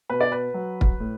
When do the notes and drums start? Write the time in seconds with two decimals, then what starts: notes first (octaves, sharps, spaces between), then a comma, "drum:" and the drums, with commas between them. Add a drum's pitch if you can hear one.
0.10 B2 B4
0.21 D5
0.32 B4
0.54 F#3
0.81 drum: kick
1.00 A2